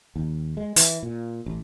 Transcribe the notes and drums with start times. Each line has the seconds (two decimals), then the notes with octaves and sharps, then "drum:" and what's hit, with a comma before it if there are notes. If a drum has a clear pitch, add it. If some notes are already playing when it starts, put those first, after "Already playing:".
0.16 D#2
0.57 G#3
0.76 E3, drum: hi-hat
1.03 A#2
1.46 A1